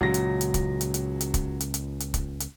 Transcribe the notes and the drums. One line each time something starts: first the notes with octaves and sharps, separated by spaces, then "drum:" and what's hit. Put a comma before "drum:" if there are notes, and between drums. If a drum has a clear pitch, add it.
C#2 A#2 C#3 F#3 A#6
drum: hi-hat
drum: hi-hat
drum: kick, hi-hat
drum: hi-hat
drum: hi-hat
drum: hi-hat
drum: kick, hi-hat
drum: hi-hat
drum: hi-hat
drum: hi-hat
drum: kick, hi-hat
drum: hi-hat